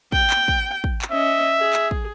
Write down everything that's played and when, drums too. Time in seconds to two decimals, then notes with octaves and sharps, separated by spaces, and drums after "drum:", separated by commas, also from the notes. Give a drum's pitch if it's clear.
0.12 G5, drum: kick
0.30 drum: clap
0.48 drum: kick
0.84 drum: kick
1.02 drum: clap
1.11 C#4 D#5 E5
1.59 G#4
1.73 drum: clap
1.91 drum: kick